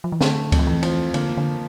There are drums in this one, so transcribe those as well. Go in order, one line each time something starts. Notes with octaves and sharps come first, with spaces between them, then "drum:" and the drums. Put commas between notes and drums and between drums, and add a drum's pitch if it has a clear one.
F3
E3
D3 A3, drum: snare
F2, drum: kick C#2, cymbal
F3
E3
F3, drum: cymbal
D3 A#3, drum: cymbal
D3